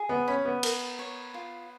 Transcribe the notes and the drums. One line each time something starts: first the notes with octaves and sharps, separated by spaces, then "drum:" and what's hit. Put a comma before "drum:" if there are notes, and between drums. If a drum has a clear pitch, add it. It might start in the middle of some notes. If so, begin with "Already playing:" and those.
Already playing: G#4
B3
C#4 B5
B3
A#4, drum: cymbal
C#5
F4